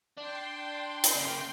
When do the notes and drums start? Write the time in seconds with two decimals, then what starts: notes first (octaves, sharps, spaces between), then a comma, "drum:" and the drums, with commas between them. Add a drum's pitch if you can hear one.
0.18 D4 G5 C6
1.04 drum: hi-hat
1.15 C#3 A#3